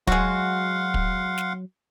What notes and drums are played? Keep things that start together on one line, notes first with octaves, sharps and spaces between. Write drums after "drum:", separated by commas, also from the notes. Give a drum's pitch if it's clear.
F#3 G#3 F#4 F5 F#5 C6, drum: kick
drum: kick
drum: snare